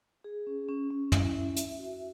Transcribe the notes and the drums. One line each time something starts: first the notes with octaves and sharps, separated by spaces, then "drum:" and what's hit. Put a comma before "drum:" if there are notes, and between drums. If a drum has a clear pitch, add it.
G#4
C#4
C#4
C#4
E4, drum: tom
E5
E5, drum: hi-hat
F#4